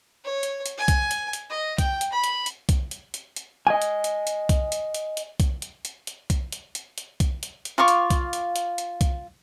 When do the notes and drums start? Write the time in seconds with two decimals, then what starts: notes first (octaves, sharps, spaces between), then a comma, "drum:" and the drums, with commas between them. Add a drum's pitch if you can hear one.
0.25 C#5
0.43 drum: hi-hat
0.66 drum: hi-hat
0.78 G#5
0.88 drum: kick B1, hi-hat
1.11 drum: hi-hat
1.33 drum: hi-hat
1.50 D#5
1.78 G5, drum: kick B1, hi-hat
2.01 drum: hi-hat
2.12 B5
2.24 drum: hi-hat
2.46 drum: hi-hat
2.69 drum: kick B1, hi-hat
2.91 drum: hi-hat
3.14 drum: hi-hat
3.36 drum: hi-hat
3.67 D#5 G#5
3.82 drum: hi-hat
4.04 drum: hi-hat
4.27 drum: hi-hat
4.49 drum: kick B1, hi-hat
4.72 drum: hi-hat
4.94 drum: hi-hat
5.17 drum: hi-hat
5.40 drum: kick B1, hi-hat
5.62 drum: hi-hat
5.85 drum: hi-hat
6.07 drum: hi-hat
6.30 drum: kick B1, hi-hat
6.52 drum: hi-hat
6.75 drum: hi-hat
6.98 drum: hi-hat
7.20 drum: kick B1, hi-hat
7.43 drum: hi-hat
7.65 drum: hi-hat
7.78 F4 F5 C#6 D6
7.88 drum: hi-hat
8.10 drum: kick B1, hi-hat
8.33 drum: hi-hat
8.56 drum: hi-hat
8.78 drum: hi-hat
9.01 drum: kick B1, hi-hat